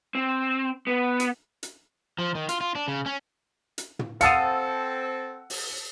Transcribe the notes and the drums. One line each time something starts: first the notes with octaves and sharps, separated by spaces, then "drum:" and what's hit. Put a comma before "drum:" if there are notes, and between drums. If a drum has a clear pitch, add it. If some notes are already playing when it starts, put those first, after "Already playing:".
C4
B3
drum: hi-hat
drum: hi-hat
F3
D#3
F4, drum: hi-hat
F4
D4
C#3
C#4
drum: hi-hat
drum: tom
C4 A4 F5 F#5 A5 D#6 E6 C#7, drum: hi-hat
drum: open hi-hat